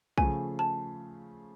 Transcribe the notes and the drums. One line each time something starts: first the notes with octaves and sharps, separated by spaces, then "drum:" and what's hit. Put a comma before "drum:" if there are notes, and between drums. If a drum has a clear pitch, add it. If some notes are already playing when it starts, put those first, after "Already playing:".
C#3 F3 A3 G#5, drum: kick B1
A5